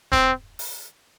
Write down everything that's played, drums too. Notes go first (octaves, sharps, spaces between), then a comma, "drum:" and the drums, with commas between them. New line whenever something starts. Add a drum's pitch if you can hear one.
C4, drum: kick D#1
drum: open hi-hat